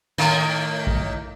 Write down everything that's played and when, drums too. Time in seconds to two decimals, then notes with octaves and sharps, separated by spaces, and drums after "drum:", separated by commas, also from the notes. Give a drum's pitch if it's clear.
0.18 A2 D#3 A#3
0.87 drum: kick